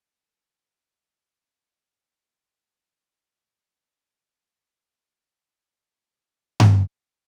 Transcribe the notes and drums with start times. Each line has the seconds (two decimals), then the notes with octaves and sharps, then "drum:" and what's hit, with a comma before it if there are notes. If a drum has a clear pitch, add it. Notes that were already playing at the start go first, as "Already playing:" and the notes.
0.23 A4
0.61 C4
1.42 F4
1.70 F#4 D5 E5
2.02 D#3 G5
2.44 C6 E7
2.66 G3
3.49 D4
5.93 B3 D4 D5
6.60 drum: tom G2